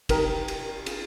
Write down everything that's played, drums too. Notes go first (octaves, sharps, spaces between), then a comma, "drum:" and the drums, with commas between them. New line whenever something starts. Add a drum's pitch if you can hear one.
D#4 G4 A#4 A#5, drum: kick, cymbal
drum: cymbal
F4 G#4, drum: cymbal